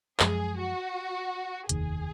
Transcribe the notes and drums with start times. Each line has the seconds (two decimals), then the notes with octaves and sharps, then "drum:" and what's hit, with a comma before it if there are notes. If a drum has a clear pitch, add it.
0.20 F#2 F3 G#3 G#4, drum: clap
0.58 F#4
1.69 F1 D#2 D#3 G#4, drum: hi-hat